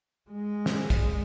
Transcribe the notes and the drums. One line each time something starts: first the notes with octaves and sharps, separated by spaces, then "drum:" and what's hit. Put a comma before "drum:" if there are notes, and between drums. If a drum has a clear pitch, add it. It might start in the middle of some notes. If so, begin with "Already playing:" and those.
G#3
drum: snare
drum: kick, hi-hat